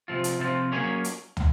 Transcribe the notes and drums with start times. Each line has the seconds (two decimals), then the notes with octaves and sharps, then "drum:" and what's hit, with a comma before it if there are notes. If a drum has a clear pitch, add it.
0.08 C3 F3 C4 F4
0.24 drum: hi-hat
0.39 C3 F3 C4 F4
0.72 F#3 A#3 C#4 G#4 C#5
1.04 drum: hi-hat
1.37 drum: tom